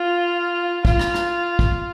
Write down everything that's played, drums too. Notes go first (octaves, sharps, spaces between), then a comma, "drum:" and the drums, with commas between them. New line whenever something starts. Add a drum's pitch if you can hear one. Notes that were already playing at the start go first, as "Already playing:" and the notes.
Already playing: F4
F4, drum: kick
drum: rim click
drum: rim click
drum: kick